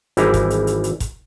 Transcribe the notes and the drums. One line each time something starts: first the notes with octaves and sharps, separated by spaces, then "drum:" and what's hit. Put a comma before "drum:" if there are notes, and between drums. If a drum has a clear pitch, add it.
G#1 E3 G3 D#4 E4 A#5, drum: hi-hat
drum: kick F1, hi-hat
drum: hi-hat
drum: hi-hat
drum: hi-hat
drum: kick F1, hi-hat